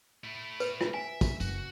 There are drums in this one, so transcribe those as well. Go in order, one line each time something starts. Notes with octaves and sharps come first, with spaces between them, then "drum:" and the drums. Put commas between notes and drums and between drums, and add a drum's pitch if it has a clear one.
A3 E4
B4, drum: tambourine
drum: rim click
E5 G#5
drum: kick, tambourine
F#1 F#4, drum: tambourine